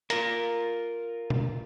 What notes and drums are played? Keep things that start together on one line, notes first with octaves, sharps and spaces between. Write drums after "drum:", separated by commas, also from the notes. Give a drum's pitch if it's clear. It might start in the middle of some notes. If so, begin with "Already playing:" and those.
F4 A#4, drum: hi-hat
drum: tom A#2